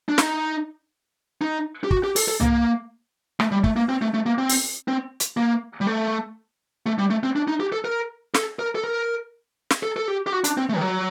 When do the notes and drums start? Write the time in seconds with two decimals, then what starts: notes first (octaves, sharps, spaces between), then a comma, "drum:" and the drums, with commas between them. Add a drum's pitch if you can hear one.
0.09 D4
0.18 D#4, drum: snare
1.42 D#4
1.84 G4
1.91 F#4, drum: kick
2.04 G4
2.16 A4, drum: open hi-hat
2.28 A4
2.40 A#3, drum: tom C2
3.40 A3, drum: rim click
3.52 G3
3.64 A3, drum: kick
3.76 A#3
3.89 C4
4.02 A3
4.14 A3
4.26 A#3
4.38 C4
4.49 drum: open hi-hat
4.88 C4
5.20 drum: hi-hat
5.37 A#3
5.81 G3
5.87 A3
6.86 A3
6.98 G3
7.10 A3
7.23 C4
7.36 D4
7.48 D#4
7.60 G4
7.72 A4
7.85 A#4
8.35 A4, drum: snare
8.59 A#4
8.75 A4
8.84 A#4
9.71 drum: snare
9.83 A4
9.97 A4
10.08 G4
10.27 G4
10.32 F#4
10.44 D4, drum: hi-hat
10.57 C4
10.69 A3
10.76 D#3
10.81 F#3